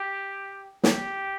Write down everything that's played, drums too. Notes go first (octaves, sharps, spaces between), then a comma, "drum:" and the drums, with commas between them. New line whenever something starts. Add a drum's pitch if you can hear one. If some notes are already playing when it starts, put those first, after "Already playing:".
Already playing: G4
G4, drum: snare